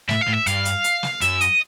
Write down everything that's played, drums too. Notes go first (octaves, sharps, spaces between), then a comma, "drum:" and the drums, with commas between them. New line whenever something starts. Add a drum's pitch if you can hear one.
A2 E5, drum: snare
F5
A2
E5
G2 F5, drum: hi-hat
drum: hi-hat
drum: hi-hat
drum: snare
F#2 E5, drum: hi-hat
D#5, drum: hi-hat